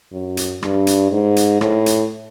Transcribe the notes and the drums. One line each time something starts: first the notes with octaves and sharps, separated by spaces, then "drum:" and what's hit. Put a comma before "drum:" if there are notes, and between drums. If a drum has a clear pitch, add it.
F#2
drum: hi-hat
G2, drum: rim click
drum: hi-hat
G#2
drum: hi-hat
A2, drum: rim click
drum: hi-hat